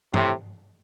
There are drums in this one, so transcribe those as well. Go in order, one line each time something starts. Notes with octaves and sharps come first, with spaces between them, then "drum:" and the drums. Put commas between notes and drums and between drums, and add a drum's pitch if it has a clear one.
A2 C3, drum: tom G2